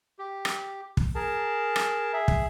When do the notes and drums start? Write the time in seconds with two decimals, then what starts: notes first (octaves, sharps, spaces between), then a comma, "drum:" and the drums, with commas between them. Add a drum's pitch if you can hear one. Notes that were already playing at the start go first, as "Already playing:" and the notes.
0.19 G4
0.45 drum: rim click
0.97 drum: kick
1.15 G#4 A#4 A5
1.76 drum: rim click
2.14 G#4 E5
2.28 drum: kick